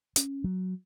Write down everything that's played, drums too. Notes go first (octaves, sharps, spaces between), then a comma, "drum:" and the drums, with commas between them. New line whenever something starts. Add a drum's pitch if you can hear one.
C#4, drum: hi-hat
F#3